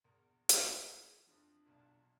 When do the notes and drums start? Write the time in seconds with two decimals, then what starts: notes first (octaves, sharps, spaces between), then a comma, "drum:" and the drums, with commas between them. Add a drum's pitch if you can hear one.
0.04 A#1 E2 A#4
0.49 drum: hi-hat
0.68 E4 G#4 G#5
1.27 F2 F3 D4
1.66 B1 E2 A#2 A5 F6